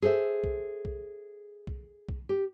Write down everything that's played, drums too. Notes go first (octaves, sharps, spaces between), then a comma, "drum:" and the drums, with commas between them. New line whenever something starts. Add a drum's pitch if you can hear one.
G#4 A4 C5 E5
drum: kick B1
drum: kick B1
drum: kick B1
drum: kick B1
G4